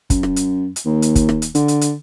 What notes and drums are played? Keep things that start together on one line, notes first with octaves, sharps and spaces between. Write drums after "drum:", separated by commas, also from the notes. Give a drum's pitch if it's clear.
F#2, drum: kick, hi-hat
drum: rim click
drum: hi-hat
drum: hi-hat
D#2
drum: hi-hat
drum: kick, hi-hat
drum: rim click
drum: hi-hat
D3, drum: hi-hat
drum: hi-hat
drum: hi-hat